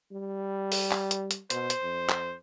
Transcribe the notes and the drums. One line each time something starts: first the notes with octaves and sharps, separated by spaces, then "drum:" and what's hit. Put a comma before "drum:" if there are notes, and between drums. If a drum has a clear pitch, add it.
G3
drum: open hi-hat
drum: clap
drum: hi-hat
drum: hi-hat
B2 C5, drum: hi-hat
drum: hi-hat
F2
drum: clap